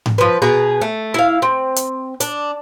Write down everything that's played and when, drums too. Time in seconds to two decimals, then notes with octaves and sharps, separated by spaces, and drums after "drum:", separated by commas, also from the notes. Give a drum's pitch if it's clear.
0.06 drum: tom G#2
0.18 F3 B4
0.42 B2 G#4 B4 A#5
0.81 A3
1.14 E4 F5
1.42 C4
1.76 drum: hi-hat
2.20 D4, drum: hi-hat